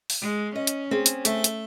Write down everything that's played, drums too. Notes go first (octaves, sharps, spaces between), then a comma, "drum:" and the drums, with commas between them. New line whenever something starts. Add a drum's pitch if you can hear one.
drum: open hi-hat
G#3
C#4 D#5
drum: hi-hat
C4 G#4
drum: hi-hat
A3, drum: hi-hat
drum: hi-hat